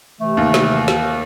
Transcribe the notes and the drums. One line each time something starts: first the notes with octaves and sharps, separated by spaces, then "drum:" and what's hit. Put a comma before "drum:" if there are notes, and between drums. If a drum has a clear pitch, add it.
C3 E3 A3
D#2
drum: snare
drum: snare